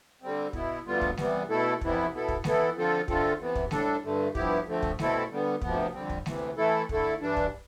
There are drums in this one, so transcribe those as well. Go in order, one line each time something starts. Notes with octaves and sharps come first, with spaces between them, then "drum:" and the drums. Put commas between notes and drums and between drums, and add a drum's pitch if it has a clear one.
D3 G3 C4
B2 B3 E4, drum: kick
D2 D3 G3 B3 F4
drum: kick
C3 E3 G3 B3, drum: snare G#3
B2 A3 E4 A4
F2 C3 E3 B3 E4, drum: kick
B2 B3 E4 A4
drum: kick
E3 B3 E4 A4, drum: snare G#3
D3 F3 C4 F4 A4
D3 A3 C4 F4 A4, drum: kick
C3 E3 B3
drum: kick
A2 G3 D4 A4, drum: snare G#3
G2 D3 A3
G2 F3 B3 E4 G4, drum: kick
D3 F3 A3 C4
drum: kick
B2 A3 C4 E4 A4, drum: snare G#3
D3 G3 B3
D2 C3 F3 B3, drum: kick
F2 D3 G3 C4
drum: kick
D2 C3 E3, drum: snare G#3
E3 A3 E4 A4
D3 A3 E4 A4, drum: kick
G2 E3 G3 D4
drum: kick